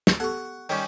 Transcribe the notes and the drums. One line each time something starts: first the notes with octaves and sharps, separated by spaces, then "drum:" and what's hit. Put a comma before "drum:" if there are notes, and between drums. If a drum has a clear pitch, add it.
drum: snare
B3 G4 A4 F#5 C#6
D#3 G3 C#4 C#5 D#5 G5, drum: open hi-hat